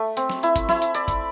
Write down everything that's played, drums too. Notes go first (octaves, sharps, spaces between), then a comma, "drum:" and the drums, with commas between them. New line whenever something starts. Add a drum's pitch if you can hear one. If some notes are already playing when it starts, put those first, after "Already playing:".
Already playing: A3
C4, drum: hi-hat
drum: snare
E4, drum: hi-hat
drum: kick, hi-hat
E4, drum: snare
drum: hi-hat
D5, drum: hi-hat
drum: kick, hi-hat